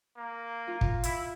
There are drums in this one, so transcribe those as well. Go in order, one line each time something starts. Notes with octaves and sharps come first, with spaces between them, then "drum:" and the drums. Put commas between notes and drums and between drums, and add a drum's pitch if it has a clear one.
A#3
F4
drum: kick
E4, drum: hi-hat